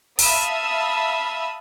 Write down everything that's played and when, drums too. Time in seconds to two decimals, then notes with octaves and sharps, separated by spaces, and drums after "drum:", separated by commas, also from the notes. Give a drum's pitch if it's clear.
0.19 E5 F5 A5 B5 D#6 E6, drum: open hi-hat